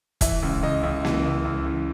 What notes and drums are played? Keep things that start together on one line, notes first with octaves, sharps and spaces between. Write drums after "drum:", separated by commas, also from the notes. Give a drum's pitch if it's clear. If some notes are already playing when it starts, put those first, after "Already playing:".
E3 E5, drum: kick E1, hi-hat
C#2
C#2 D#5
C#2
E3, drum: snare A#3
C#2
C#2
E3